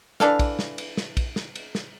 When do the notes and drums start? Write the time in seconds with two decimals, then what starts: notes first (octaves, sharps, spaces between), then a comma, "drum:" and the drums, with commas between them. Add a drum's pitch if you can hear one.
0.20 E3 D4 A4 F5, drum: snare
0.39 drum: kick, cymbal
0.59 drum: snare
0.78 drum: cymbal
0.97 drum: snare
1.17 drum: kick, cymbal
1.36 drum: snare
1.55 drum: cymbal
1.75 drum: snare